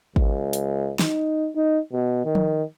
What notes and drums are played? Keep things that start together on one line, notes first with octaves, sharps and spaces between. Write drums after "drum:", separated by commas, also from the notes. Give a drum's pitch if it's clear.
C#2, drum: kick G#1
drum: hi-hat
D#4, drum: snare
D#4
B2
D#3
drum: tom F3